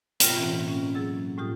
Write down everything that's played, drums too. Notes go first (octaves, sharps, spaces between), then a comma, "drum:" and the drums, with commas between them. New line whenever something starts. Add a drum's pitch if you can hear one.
G2 B2 F4 G5 F6 A#6, drum: hi-hat
A2 E3 A#3 C4 C#4 F4
C#4
F#3 A#3 G#4 E6 A6
A2 G3 F4 G4 D#6